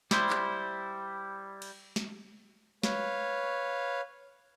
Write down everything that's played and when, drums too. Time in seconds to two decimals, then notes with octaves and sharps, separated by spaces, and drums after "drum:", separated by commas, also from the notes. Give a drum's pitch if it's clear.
0.11 G3 E4 C5, drum: snare
0.30 drum: clap
1.62 drum: cymbal
1.96 drum: snare
2.83 B4 C#5 F5, drum: snare